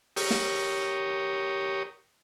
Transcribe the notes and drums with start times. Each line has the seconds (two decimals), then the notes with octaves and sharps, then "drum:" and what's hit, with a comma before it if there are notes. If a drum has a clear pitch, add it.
0.16 G4 A#4 C#5 D#6, drum: open hi-hat
0.30 drum: snare